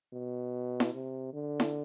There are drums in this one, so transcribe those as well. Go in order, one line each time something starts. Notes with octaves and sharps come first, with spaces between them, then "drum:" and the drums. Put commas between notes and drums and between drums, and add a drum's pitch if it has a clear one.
B2
drum: snare E4
C3
D3
drum: snare E4